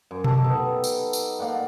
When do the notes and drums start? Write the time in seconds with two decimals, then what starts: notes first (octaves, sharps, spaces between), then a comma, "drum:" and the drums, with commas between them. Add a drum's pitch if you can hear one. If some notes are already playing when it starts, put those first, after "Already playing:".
0.11 F#2
0.24 G4 A4, drum: tom B2
0.44 B3 D#4
0.84 drum: tambourine
1.13 drum: tambourine
1.39 A#3 D5 F#5 G5